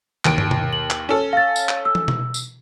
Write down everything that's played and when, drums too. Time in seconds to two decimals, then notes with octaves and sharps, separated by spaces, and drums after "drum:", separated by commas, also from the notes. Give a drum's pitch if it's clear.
0.25 D#2 D7, drum: clap
0.38 drum: tom
0.51 drum: tom B2
0.73 F#7
0.90 drum: clap
1.09 C#4 A4
1.33 F5 A6
1.56 drum: tambourine
1.69 drum: clap
1.85 E6
1.95 drum: tom
2.08 drum: tom B2
2.34 drum: tambourine